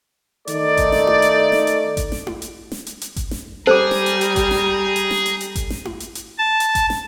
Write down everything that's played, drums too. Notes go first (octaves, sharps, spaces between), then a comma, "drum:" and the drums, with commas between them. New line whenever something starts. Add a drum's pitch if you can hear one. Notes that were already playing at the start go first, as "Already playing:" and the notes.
D#3 A3 D#4 A4 D5, drum: hi-hat
drum: kick G#1, hi-hat
drum: snare
drum: tom E4
drum: hi-hat
drum: snare
drum: hi-hat
drum: kick G#1, hi-hat
drum: snare
drum: tom E4
drum: hi-hat
drum: snare
drum: hi-hat
drum: hi-hat
drum: kick G#1, hi-hat
drum: snare
G3 G#4 A4 C5 A#5 D6
drum: snare
drum: hi-hat
drum: hi-hat
drum: kick G#1, hi-hat
drum: snare
drum: hi-hat
drum: snare
drum: hi-hat
drum: hi-hat
drum: kick G#1, hi-hat
drum: snare
drum: tom E4
drum: hi-hat
drum: hi-hat
A5
drum: hi-hat
drum: kick G#1, hi-hat
drum: snare